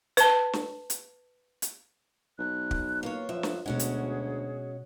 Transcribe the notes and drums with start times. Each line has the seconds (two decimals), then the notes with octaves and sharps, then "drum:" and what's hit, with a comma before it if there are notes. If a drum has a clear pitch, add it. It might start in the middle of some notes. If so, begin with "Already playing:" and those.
0.17 B4 A5, drum: hi-hat
0.53 drum: snare
0.90 drum: hi-hat
1.62 drum: hi-hat
2.38 B1 F#6
2.71 drum: kick
3.03 A#3 F4 B4 C#5
3.29 F#2 F3 E5
3.43 drum: snare
3.66 D2 B2 G#3 C#4 F#4 G#4 F#5
3.79 drum: hi-hat